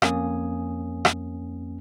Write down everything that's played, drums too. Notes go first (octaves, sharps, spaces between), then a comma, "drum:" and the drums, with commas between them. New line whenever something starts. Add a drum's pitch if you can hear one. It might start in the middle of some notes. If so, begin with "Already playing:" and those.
F2 A#3 C#4 G#5 D#6, drum: rim click
drum: rim click